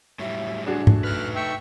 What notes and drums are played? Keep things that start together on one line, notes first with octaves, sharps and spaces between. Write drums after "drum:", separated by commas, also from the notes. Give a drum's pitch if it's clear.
A2 F#3 G3 E5
A3 D4 F#4 G#4
A3, drum: tom G#2
D#4 B4 F6 F#6
A3 E5 G5 C#6